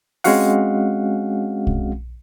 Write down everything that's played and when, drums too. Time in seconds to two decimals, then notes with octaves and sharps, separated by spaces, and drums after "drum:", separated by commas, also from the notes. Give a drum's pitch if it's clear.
0.24 G#3 C4 C#4 F#4 F5 F#5, drum: open hi-hat
1.67 drum: kick